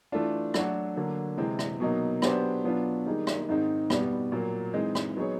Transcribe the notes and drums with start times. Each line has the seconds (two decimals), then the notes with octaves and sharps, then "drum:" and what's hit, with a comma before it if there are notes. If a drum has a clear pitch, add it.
0.12 E3 A3 D4 F4
0.54 F#3 A3 D4 F#4, drum: rim click
0.96 D3 F#3 A#3 D4
1.38 C3 E3 G#3 C4
1.59 drum: rim click
1.80 B2 F#3 A#3 D#4
2.22 F#3 B3 D4 G4 C5, drum: rim click
2.64 B2 F#3 B3 D4 F4
3.06 D#3 G3 A#3 D#4 G#4
3.27 drum: rim click
3.49 G#2 D#3 G#3 C4 D#4
3.90 B2 G3 B3, drum: rim click
4.32 A#2 F#3 A#3
4.74 E3 G#3 C4 D#4
4.95 drum: rim click
5.17 F#3 B3 D#4 G#4 C#5